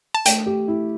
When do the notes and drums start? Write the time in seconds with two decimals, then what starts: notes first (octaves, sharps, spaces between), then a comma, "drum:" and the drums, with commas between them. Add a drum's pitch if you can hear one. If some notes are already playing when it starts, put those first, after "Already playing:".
0.14 A5
0.25 A3 G5, drum: hi-hat
0.46 G4
0.68 E4